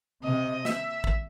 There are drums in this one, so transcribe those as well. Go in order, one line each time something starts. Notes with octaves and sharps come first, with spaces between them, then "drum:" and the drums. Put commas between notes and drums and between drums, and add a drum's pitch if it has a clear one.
C3 D#5
E5, drum: snare
drum: kick